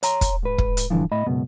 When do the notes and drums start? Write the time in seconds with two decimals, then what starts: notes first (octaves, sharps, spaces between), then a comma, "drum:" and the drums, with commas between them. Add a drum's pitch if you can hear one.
0.03 C#5 A#5 C6, drum: hi-hat
0.21 drum: kick, hi-hat
0.43 G#2 B4
0.58 drum: kick
0.77 drum: hi-hat
0.90 G2 D3 E3 F3
1.12 A2 D#5 B5
1.26 C#2 F#2 B2